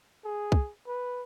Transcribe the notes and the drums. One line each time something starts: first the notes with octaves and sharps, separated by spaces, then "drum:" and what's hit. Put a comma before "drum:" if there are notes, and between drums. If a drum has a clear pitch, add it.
G#4
drum: kick
B4